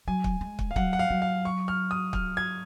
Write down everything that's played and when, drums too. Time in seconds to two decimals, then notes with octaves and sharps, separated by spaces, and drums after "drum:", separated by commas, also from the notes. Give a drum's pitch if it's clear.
0.07 F#3 G#5
0.24 drum: kick
0.41 G#3
0.59 drum: kick
0.71 F5
0.76 F#3 F#5, drum: kick
0.93 F#5
0.99 F5
1.11 F#3
1.22 F5
1.45 C#6
1.68 F6
1.91 D#6
2.13 F6, drum: kick
2.37 G#6